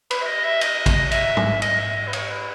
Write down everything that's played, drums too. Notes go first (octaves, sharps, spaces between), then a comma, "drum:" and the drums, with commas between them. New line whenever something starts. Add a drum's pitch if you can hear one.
B4, drum: cymbal
E5
D#5
E5
D#5, drum: cymbal
drum: kick, cymbal
E5, drum: cymbal
drum: tom
D#5, drum: cymbal
E5
D#5
B4
C#5, drum: cymbal
B4